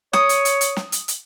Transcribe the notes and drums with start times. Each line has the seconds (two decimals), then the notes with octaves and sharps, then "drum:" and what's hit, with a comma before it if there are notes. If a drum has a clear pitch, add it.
0.13 C#5 D#6, drum: snare
0.29 drum: hi-hat
0.45 drum: hi-hat
0.61 drum: hi-hat
0.76 drum: snare
0.92 drum: hi-hat
1.08 drum: hi-hat